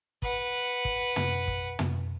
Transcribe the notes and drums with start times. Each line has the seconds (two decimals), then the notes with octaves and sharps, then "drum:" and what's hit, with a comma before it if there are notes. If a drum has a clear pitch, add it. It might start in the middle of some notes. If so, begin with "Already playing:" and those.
0.22 B4 F#5, drum: kick
0.85 drum: kick
1.16 drum: tom
1.48 drum: kick
1.79 drum: tom